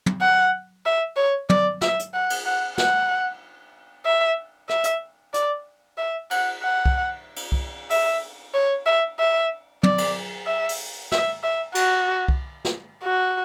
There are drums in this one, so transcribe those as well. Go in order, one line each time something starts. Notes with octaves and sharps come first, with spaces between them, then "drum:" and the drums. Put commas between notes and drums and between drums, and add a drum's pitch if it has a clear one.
drum: tom
F#5
E5
C#5
D5, drum: tom
E5, drum: snare
drum: hi-hat
F#5
drum: cymbal
F#5
F#5, drum: snare
E5
E5, drum: rim click
drum: hi-hat
D5, drum: hi-hat
E5
F#5, drum: cymbal
F#5
drum: kick C2
drum: cymbal
drum: kick C2
E5, drum: open hi-hat
C#5
E5
E5
D5, drum: tom
drum: cymbal
E5
drum: open hi-hat
E5, drum: snare
E5
F#4, drum: cymbal
drum: kick C2
drum: snare
F#4